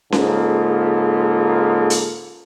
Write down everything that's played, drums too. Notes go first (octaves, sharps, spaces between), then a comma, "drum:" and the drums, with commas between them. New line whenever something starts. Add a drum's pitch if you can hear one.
G#2 C#3 A#3 F4 A4, drum: snare C#4
drum: hi-hat